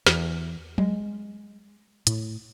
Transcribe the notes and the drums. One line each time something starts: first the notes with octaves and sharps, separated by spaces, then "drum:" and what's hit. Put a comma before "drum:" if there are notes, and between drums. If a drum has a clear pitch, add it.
E2, drum: snare
G#3, drum: tom
A2, drum: hi-hat